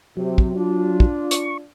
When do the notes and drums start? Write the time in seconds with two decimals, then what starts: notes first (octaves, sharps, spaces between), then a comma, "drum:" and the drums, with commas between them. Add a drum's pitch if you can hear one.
0.17 C3 F#3
0.38 drum: kick
0.55 D4 F4
1.00 drum: kick
1.31 C#6, drum: hi-hat